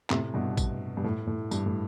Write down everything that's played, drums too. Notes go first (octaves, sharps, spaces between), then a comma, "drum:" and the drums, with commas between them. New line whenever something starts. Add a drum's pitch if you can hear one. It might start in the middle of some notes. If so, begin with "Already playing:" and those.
A2 C3, drum: clap
G2 B2
drum: kick A1, tambourine
G2
A2
A2
G2, drum: tambourine
A2